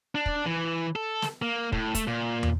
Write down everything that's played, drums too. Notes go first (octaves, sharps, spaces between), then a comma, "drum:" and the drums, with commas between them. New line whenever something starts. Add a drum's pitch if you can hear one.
D4
drum: kick
E3
A4
drum: snare
A#3
A2, drum: kick
A3, drum: kick, hi-hat
A#2
drum: tom